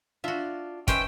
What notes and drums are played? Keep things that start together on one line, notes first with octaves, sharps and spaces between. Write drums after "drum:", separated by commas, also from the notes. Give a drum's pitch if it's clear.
D4 F4 F#4 E5
D#3 C#4 B4 C5 E5 G5, drum: kick, hi-hat